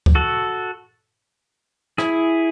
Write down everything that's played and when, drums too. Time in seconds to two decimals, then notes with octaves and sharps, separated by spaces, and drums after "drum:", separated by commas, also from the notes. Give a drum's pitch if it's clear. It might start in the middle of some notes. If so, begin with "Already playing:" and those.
0.06 drum: kick C#2
0.15 F#4 A4
1.98 E4 G#4, drum: rim click